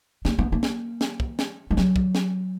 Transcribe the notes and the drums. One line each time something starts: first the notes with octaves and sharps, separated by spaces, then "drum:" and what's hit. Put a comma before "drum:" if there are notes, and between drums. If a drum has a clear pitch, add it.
A#3, drum: snare
B3
A#3
drum: snare
drum: snare
drum: kick
drum: snare
G#3
F#3, drum: snare
drum: kick
drum: snare